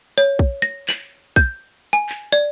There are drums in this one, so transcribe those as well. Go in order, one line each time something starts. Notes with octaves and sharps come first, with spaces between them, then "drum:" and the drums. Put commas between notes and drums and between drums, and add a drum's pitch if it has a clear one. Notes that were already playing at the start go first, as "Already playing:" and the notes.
C#5
drum: kick
A#6
F#7, drum: clap
G6, drum: kick
G#5
drum: clap
D5